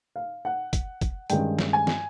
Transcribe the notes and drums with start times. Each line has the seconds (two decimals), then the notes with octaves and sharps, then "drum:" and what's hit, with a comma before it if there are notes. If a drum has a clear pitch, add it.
0.16 F5
0.45 F#5
0.73 drum: kick, hi-hat
1.01 drum: kick, hi-hat
1.30 G2 D#3 G#3 C#4 G5, drum: hi-hat
1.59 drum: snare
1.73 G#5
1.87 drum: snare